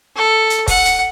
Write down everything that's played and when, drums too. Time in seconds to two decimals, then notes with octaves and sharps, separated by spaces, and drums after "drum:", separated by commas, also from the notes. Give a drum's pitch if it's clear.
0.16 A4
0.50 drum: hi-hat
0.68 F#5, drum: kick, open hi-hat
0.85 drum: hi-hat